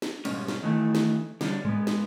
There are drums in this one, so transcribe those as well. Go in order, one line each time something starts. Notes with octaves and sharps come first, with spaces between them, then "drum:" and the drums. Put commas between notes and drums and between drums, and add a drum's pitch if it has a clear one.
drum: snare
G#2 B2 G3 C#4, drum: cymbal
drum: snare
D#3 E3 A3 E4
drum: snare
D3 G3 C#4 D4, drum: snare
G#3 B3, drum: tom G#2
drum: snare